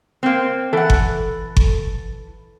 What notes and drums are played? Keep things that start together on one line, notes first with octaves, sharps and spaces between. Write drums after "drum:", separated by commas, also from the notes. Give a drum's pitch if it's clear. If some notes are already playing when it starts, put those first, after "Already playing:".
A#3 C4
E3 A4 F#5
drum: kick G1
drum: kick G1